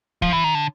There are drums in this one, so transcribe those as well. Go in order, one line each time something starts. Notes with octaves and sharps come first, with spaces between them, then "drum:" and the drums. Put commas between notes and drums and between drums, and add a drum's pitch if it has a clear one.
F3, drum: kick
E3
D#3
D3